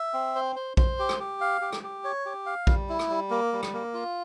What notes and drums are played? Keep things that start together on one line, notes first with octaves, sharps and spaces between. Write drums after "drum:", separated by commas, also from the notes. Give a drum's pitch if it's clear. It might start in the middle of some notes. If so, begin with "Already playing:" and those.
Already playing: E5
C4
C5
C5
C5, drum: kick A#1
G4
drum: rim click
G4
F5
G4
drum: rim click
G4
C#5
G4
F5
G3, drum: kick A#1
E4
drum: rim click
G3
A#3
G3
drum: rim click
A#3
F4